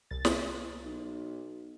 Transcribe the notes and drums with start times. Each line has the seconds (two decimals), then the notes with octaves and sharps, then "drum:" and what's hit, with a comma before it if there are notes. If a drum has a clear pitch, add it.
0.11 C2 A6
0.25 drum: snare
0.84 B1